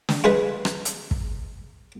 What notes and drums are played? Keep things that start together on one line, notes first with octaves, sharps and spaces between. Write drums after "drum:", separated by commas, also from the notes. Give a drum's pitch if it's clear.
drum: snare
F4 G#4 B4 D#5
drum: rim click
drum: hi-hat
drum: kick